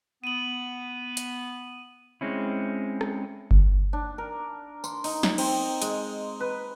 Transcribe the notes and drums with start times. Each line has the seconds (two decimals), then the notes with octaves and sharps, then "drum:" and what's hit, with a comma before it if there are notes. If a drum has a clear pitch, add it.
0.24 B3 D#7 F#7
1.17 drum: hi-hat
2.21 G#3 C4 C#4 E4
3.01 drum: rim click
3.51 drum: kick G1
3.93 D4
4.18 A#4
4.84 C6, drum: tambourine
5.04 D#4, drum: open hi-hat
5.23 drum: snare
5.38 C4, drum: cymbal
5.82 G#3, drum: hi-hat
6.40 B4